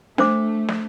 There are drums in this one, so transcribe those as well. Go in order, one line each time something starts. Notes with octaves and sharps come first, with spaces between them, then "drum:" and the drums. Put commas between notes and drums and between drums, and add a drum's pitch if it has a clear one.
A3 D4 C5 D6, drum: snare
drum: snare